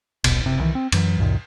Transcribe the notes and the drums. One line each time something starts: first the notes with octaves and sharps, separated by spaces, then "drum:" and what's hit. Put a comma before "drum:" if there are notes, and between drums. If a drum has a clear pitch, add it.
D#1 B1 B2, drum: cymbal
F#1 C3
C2 D#3 E3
C4
F#2 E3 F#3, drum: cymbal
C#2 F#2 A#2 D#3